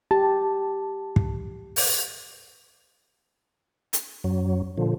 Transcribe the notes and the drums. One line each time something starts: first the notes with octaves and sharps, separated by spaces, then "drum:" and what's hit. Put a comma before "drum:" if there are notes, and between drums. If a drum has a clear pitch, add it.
G4 A5
drum: kick
drum: open hi-hat
drum: hi-hat
F#2 F#3
A#2 D3 F3